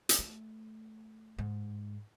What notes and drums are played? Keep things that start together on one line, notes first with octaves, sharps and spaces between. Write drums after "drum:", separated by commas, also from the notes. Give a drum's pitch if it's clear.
drum: hi-hat
A3
G#2